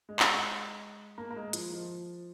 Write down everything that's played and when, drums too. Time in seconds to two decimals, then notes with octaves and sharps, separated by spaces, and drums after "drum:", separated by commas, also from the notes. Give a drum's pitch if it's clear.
0.09 G#3
0.19 drum: clap
1.18 A#3
1.31 A#3
1.36 G#3
1.53 F3, drum: hi-hat
1.72 F3